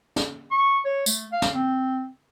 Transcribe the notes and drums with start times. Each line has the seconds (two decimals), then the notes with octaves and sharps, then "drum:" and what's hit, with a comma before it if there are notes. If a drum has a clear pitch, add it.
0.16 drum: snare
0.51 C#6
0.85 C#5
1.06 A3, drum: tambourine
1.32 F5
1.42 drum: snare
1.55 C4